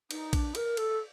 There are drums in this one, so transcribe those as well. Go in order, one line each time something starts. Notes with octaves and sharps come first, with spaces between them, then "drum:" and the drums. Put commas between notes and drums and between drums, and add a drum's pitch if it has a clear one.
D#4, drum: cymbal
D4, drum: kick A#1, cymbal
A#4, drum: cymbal
A4, drum: cymbal